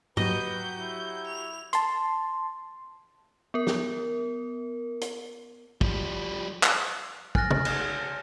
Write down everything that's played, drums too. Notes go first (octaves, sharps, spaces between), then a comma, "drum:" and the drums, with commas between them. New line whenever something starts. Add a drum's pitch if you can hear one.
F#3 F#4 G4 B4 D#5 G6, drum: tom G#2
E4
F7
A5 C6, drum: hi-hat
B3 A#4
drum: snare
drum: hi-hat
F3 G3, drum: kick
drum: clap
G#5 F6 F#6 A6 A#6, drum: kick
drum: tom C3
drum: cymbal